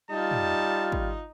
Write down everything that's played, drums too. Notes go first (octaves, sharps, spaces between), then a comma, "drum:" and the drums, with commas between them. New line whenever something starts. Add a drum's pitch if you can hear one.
G3 D#4 F4 A5
drum: tom
drum: kick